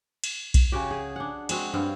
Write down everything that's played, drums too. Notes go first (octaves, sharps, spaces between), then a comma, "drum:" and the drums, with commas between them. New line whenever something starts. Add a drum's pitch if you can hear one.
drum: cymbal
drum: kick B1, cymbal
C#3 C#4 F#4 G4
G#4
D4 F#5
G#3 C4 F#4, drum: cymbal
G2 C4 C#5 F5